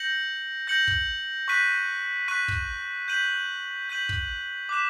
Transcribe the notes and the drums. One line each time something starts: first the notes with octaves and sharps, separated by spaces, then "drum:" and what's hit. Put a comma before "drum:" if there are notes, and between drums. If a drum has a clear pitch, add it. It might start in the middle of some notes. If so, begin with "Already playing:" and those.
Already playing: G6 A#6 C#7 F#7
G6 A#6 C#7 F#7
drum: kick
C#6 F#6 B6 D#7
C#6 F#6 B6 D#7
drum: kick
G6 B6 D#7 F#7
G6 B6 D#7 F#7
drum: kick
D6 F#6 B6 E7